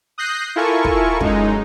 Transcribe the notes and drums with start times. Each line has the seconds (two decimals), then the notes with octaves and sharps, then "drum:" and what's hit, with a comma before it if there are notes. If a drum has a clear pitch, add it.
0.18 D#6 F#6 G6 A#6 C7
0.56 E4 F4 A4 A#4 G#5 C#6
0.84 drum: kick
1.21 F#2 G#3 D#4, drum: kick